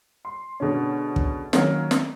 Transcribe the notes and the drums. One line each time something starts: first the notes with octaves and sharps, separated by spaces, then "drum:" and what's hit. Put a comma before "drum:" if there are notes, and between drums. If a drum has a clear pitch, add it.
C6
B2 D3 G#3 C#4
drum: kick
D#3 F#3 A#3 C#4 A#4, drum: snare
drum: snare